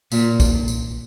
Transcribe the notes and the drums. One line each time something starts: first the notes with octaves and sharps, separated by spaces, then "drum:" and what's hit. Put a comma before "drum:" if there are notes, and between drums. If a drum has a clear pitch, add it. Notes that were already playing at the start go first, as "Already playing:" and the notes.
A#2, drum: tambourine
drum: kick, tambourine
drum: tambourine